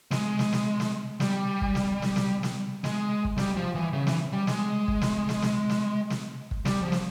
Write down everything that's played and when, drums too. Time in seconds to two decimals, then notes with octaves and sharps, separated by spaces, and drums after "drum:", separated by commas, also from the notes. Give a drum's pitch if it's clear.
0.11 G#3, drum: snare
0.39 drum: snare
0.53 drum: snare
0.80 drum: snare
1.20 G3, drum: snare
1.61 drum: kick
1.75 drum: snare
2.02 drum: snare
2.16 drum: snare
2.43 drum: snare
2.84 G#3, drum: snare
3.25 drum: kick
3.38 G3, drum: snare
3.57 F3
3.75 E3
3.93 C#3
4.07 E3, drum: snare
4.33 G3
4.47 G#3, drum: snare
4.88 drum: kick
5.02 drum: snare
5.29 drum: snare
5.42 drum: snare
5.70 drum: snare
6.10 drum: snare
6.51 drum: kick
6.65 G3, drum: snare
6.82 F3
6.92 drum: snare